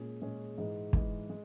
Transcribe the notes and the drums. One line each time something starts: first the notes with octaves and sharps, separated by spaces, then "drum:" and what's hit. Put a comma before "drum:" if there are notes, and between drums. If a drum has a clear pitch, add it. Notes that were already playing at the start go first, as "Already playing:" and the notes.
Already playing: A#2 G#3 C#4 G#4
A#2 G#3 C#4 G#4
G#2 E3 G#3
G#2 E3 G#3, drum: kick
G#3